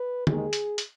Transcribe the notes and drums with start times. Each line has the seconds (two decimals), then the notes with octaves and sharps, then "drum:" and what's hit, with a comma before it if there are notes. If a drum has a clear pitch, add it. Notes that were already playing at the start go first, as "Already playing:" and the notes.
Already playing: B4
0.27 D#2 D#3 G#3 G#4, drum: tom D3
0.53 drum: hi-hat
0.78 drum: hi-hat